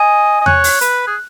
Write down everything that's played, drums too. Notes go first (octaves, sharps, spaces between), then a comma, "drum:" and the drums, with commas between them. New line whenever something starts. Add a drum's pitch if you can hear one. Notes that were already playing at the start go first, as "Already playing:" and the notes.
Already playing: D#5 G#5
D#5
C#5 F#6, drum: tom E2
drum: open hi-hat
B4, drum: hi-hat
G#4